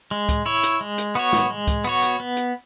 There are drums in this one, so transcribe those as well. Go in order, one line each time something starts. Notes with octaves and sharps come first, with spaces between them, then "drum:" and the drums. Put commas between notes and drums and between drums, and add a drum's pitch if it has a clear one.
G#3
drum: kick C#2, hi-hat
E4 C#5
drum: hi-hat
G#3
drum: hi-hat
B3 F#4 C#5
drum: snare
G#3
drum: kick C#2, hi-hat
B3 F#4 C#5
drum: hi-hat
B3
drum: hi-hat